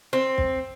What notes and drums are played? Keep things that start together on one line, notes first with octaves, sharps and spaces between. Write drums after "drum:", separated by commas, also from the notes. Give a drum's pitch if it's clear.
C4
drum: kick